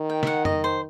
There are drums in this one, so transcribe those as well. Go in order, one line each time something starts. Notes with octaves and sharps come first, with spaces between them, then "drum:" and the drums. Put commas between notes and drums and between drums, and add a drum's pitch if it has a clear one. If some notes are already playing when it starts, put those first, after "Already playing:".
Already playing: D#3
G5
E5, drum: snare
F#5
D#5, drum: tom F2
C5